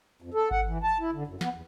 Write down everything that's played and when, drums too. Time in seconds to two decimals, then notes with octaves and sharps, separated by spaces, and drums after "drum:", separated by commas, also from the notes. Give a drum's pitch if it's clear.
0.22 F2
0.34 A4
0.51 F#5, drum: kick G#1
0.66 E3
0.83 A5
1.00 E4
1.13 D3
1.27 F#2
1.41 B3, drum: snare
1.54 E2